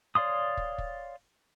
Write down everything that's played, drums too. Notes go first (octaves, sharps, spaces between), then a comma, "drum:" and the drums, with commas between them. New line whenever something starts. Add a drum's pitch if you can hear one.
C#5 D5 F5 C6 D#6
drum: kick
drum: kick